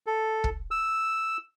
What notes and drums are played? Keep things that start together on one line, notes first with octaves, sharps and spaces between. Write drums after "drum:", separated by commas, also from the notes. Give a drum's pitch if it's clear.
A4
drum: kick
E6